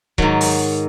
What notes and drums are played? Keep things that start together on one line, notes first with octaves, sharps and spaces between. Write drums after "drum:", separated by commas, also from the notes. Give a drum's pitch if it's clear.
G#2 D#3 F#3, drum: kick C#1
drum: open hi-hat